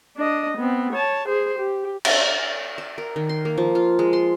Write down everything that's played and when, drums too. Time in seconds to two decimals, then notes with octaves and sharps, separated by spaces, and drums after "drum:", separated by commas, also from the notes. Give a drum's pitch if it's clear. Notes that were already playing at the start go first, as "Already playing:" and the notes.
0.17 D4 D#5
0.57 B3 C4
0.93 C#5 A5
1.28 G#4 C5
1.59 G4
2.05 drum: cymbal
2.78 A5
2.98 A#4
3.16 D#3
3.29 C6
3.45 A#3
3.58 F3
3.75 F4
3.99 G#3
4.13 C6